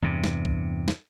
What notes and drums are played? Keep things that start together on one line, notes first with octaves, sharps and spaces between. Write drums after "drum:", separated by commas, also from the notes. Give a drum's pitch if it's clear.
E2 G2 C3
drum: snare
drum: kick B1
drum: snare